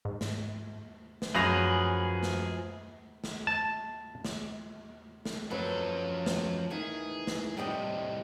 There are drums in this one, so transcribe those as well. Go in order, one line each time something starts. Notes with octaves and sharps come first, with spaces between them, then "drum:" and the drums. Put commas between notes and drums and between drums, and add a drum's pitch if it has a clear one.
G#2
drum: snare
drum: snare
F#2 F3 G#4 B4 A#6 F7
drum: snare
drum: snare
A5
drum: snare
drum: snare
F#2 F3 F#3 A4 B4
drum: snare
D#3 E3 E4 G#4
drum: snare
A2 C3 G3 G4 D#5